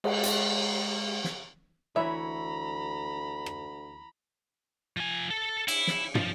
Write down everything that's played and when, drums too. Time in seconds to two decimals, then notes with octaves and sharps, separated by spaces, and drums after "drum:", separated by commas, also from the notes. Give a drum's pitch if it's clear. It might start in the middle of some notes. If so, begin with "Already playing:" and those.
0.04 G#3, drum: cymbal
0.23 drum: hi-hat
1.24 drum: snare
1.96 D2 E3 E4 C#5 E5 A#5 B5
3.46 drum: rim click
4.97 F3 G#5
5.31 A4
5.68 E4, drum: cymbal
5.87 drum: snare
6.15 F3, drum: tom